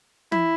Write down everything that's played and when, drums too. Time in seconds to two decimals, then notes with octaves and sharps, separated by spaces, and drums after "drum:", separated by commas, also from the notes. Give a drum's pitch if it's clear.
0.32 E4, drum: tom